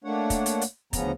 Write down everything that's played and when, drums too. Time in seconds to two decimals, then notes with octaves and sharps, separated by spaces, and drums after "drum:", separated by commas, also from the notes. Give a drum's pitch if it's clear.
0.04 A3 A#3 D4 C#5 F#5
0.30 drum: kick, hi-hat
0.46 drum: hi-hat
0.61 drum: hi-hat
0.93 D2 C#3 F3 B3 C#4 A#5, drum: kick, hi-hat